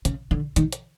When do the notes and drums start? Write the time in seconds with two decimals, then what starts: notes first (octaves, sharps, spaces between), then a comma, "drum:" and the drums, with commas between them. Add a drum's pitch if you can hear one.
0.05 C#3, drum: hi-hat
0.31 D3
0.56 D#3, drum: hi-hat
0.72 drum: hi-hat